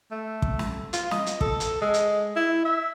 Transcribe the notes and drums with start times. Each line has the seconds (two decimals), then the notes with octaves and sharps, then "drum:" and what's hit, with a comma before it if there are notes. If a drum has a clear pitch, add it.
0.11 A3
0.42 drum: kick
0.59 drum: snare
0.93 F4, drum: hi-hat
1.11 D#5, drum: snare
1.26 drum: hi-hat
1.41 A4, drum: kick
1.60 drum: hi-hat
1.81 G#3
1.94 drum: hi-hat
2.36 E4
2.65 E5